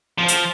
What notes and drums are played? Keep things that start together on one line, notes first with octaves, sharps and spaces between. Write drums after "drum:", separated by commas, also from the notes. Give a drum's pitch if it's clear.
F3
drum: hi-hat